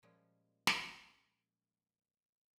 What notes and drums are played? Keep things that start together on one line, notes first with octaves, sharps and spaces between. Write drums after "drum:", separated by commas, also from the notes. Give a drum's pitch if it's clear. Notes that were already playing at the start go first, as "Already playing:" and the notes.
A#2 F3 G3 G#3 C#4
drum: snare